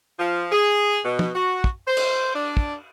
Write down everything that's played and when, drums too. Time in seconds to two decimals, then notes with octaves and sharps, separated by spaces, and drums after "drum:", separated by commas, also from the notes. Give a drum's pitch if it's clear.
0.19 F3
0.52 G#4
1.05 B2
1.19 drum: tom
1.35 F#4
1.64 drum: kick
1.88 C5
1.97 drum: cymbal
2.35 D4
2.57 drum: kick